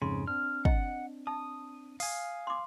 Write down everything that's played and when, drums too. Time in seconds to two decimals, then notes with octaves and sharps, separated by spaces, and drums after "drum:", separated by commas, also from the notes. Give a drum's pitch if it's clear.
0.02 F2 G#2 C#3 C6
0.27 C4 D4 F6
0.65 D#5 F#5, drum: kick
1.27 A5 D#6
2.00 F5 G#5 D#6, drum: open hi-hat
2.47 C6 D6